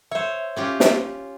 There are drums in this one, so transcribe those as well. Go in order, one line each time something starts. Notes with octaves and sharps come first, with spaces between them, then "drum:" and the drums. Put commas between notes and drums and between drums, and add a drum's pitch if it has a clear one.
C5 C#5 E5
C#4 F4 G4
drum: snare